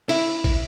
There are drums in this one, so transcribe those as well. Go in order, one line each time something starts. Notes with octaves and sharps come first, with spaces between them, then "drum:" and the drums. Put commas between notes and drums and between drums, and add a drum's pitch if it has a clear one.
E4, drum: open hi-hat
drum: kick, open hi-hat